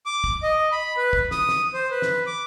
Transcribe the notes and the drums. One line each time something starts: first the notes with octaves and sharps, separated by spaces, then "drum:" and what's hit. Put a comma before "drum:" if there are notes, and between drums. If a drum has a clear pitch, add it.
D6
drum: kick
D#5
B5
B4
drum: kick
D#6, drum: snare
drum: snare
C5
B4
drum: snare
D6